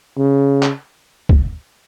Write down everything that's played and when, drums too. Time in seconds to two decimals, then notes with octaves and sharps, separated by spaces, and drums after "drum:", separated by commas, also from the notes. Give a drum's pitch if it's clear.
0.18 C#3
0.63 drum: clap
1.29 drum: kick